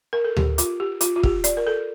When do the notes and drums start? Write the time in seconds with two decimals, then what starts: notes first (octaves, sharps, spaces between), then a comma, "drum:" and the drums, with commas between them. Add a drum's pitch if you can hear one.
0.13 A#4
0.24 A4
0.37 G4, drum: tom D2
0.58 F4, drum: hi-hat
0.80 G4
1.01 F4, drum: hi-hat
1.16 F4
1.23 G4, drum: kick
1.44 D5, drum: hi-hat
1.57 A#4
1.67 A4